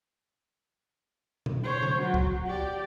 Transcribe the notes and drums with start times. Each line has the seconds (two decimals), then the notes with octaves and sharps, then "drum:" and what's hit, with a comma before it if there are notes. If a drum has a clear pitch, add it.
1.46 drum: tom B2
1.63 C5 C#5
1.83 drum: tom C#3
2.00 F#3 F#4
2.14 drum: kick
2.46 G4 D5